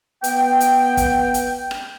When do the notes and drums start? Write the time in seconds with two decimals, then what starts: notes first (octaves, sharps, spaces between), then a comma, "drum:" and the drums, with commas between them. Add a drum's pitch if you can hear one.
0.24 B3 G5, drum: hi-hat
0.60 drum: hi-hat
0.97 drum: kick, hi-hat
1.34 drum: hi-hat
1.71 drum: rim click